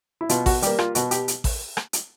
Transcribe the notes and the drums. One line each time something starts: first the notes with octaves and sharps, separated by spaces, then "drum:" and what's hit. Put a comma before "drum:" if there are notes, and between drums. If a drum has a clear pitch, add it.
E4
B2 F4, drum: hi-hat
F#4, drum: kick A1, open hi-hat
G3 A#3 G4, drum: hi-hat
F4, drum: rim click
B2 F#4, drum: hi-hat
G4, drum: hi-hat
drum: hi-hat
drum: kick A1, open hi-hat
drum: rim click
drum: hi-hat